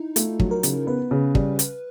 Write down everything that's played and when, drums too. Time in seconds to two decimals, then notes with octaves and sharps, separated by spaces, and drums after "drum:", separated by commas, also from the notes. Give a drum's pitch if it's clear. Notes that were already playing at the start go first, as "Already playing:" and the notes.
Already playing: D#4 E4
0.16 A3 F4, drum: hi-hat
0.40 F#3, drum: kick
0.51 A#4
0.63 C#3, drum: hi-hat
0.87 B3 B4
1.11 C#3
1.35 G3, drum: kick
1.59 drum: hi-hat